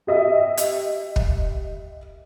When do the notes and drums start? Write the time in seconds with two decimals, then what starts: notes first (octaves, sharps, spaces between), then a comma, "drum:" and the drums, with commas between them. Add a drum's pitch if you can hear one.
0.07 G4 D#5 E5
0.57 drum: hi-hat
1.16 drum: kick